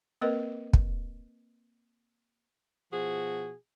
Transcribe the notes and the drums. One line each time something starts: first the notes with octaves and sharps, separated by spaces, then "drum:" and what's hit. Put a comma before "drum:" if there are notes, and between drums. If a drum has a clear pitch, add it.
A#3 C4 A#4 B4 D#5
drum: kick
B2 F3 F#4 G#4